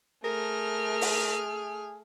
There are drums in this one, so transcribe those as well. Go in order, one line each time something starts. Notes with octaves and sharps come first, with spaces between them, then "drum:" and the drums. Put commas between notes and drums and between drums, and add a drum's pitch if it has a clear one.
A3 G#4 A#4 F6
drum: open hi-hat